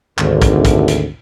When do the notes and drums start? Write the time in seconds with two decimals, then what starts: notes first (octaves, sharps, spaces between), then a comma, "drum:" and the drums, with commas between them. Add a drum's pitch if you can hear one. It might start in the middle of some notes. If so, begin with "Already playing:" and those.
0.18 G#1 D2, drum: clap
0.42 drum: kick, hi-hat
0.65 drum: kick, hi-hat
0.88 drum: hi-hat